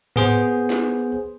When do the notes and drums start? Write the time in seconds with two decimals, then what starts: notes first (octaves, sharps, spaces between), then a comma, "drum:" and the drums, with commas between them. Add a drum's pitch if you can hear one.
0.16 B3 G#4 C5, drum: tom G#2
0.70 drum: snare